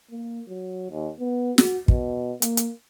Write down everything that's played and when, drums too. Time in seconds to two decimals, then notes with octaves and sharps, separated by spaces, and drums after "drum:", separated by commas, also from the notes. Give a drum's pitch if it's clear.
0.11 A#3
0.48 F#3
0.90 D#2
1.20 B3
1.58 F#4, drum: snare
1.88 B2, drum: kick
2.42 A#3, drum: hi-hat
2.57 drum: hi-hat